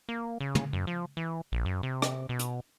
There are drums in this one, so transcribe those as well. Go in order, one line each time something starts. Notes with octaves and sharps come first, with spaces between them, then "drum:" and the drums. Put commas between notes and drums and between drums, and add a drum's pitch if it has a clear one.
A#3
C#3
drum: tom
F#2
F3
E3
A#1
F#2
C3
drum: rim click
B2
drum: hi-hat